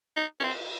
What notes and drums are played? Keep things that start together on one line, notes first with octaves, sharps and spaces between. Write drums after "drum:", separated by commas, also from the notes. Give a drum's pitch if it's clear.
D#4
C#4, drum: cymbal
C4